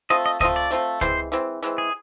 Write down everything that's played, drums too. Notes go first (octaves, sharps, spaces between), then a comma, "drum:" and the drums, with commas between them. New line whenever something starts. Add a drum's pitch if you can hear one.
A3 C4 F4 D#5
D#5
A3 C4 F4 D#5, drum: kick C#2, hi-hat
D5
A3 C4 F4, drum: hi-hat
E3 G#3 C4 C5, drum: kick C#2, hi-hat
E3 G#3 C4, drum: hi-hat
E3 G#3 C4, drum: hi-hat
G#4